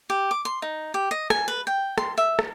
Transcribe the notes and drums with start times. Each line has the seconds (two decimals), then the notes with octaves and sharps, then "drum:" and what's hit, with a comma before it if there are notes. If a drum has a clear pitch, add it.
0.10 G4
0.31 D6
0.45 C6
0.62 D#4
0.94 G4
1.11 D#5
1.30 G#5, drum: rim click
1.48 B4
1.67 G5
1.98 C6, drum: rim click
2.18 E5
2.39 drum: rim click